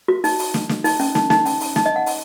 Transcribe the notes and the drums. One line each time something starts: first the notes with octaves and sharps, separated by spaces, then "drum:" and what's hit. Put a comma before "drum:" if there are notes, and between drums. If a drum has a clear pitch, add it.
F#4
D#4, drum: open hi-hat
drum: open hi-hat
drum: snare
drum: snare
D#4, drum: open hi-hat
C#4, drum: open hi-hat
D#4, drum: snare
D#4, drum: snare
C#4, drum: open hi-hat
drum: open hi-hat
D#4, drum: snare
D#5
F#5
drum: open hi-hat